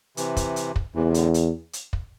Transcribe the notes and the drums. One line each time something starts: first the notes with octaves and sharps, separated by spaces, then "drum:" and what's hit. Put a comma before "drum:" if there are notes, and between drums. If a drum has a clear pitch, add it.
C3 E3, drum: hi-hat
drum: kick, hi-hat
drum: hi-hat
drum: kick
E2 C3 E3
C3
A2 D3, drum: hi-hat
drum: hi-hat
drum: hi-hat
drum: kick